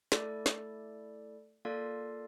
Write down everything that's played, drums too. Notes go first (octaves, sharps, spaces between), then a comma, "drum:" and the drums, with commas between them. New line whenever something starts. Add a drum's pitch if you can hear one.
A3 E4 A4 D5, drum: snare
drum: snare
A#3 F4 A4 D5 F5